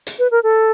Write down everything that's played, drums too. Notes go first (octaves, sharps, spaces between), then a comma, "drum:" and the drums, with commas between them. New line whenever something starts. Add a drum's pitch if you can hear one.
drum: hi-hat
B4
A#4
A4